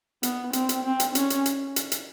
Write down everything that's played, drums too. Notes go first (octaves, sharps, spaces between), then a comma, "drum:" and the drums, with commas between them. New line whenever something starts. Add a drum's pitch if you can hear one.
B3, drum: hi-hat
C4, drum: hi-hat
drum: hi-hat
C4
drum: hi-hat
C#4, drum: hi-hat
drum: hi-hat
drum: hi-hat
drum: hi-hat
drum: hi-hat